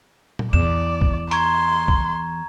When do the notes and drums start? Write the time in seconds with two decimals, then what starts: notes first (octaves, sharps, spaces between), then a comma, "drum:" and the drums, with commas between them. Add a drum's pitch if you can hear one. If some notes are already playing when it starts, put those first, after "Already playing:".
0.39 drum: tom A#2
0.53 E2 D5 E7
1.01 drum: kick
1.31 A#5 C6 C#6 G#6, drum: hi-hat
1.88 drum: kick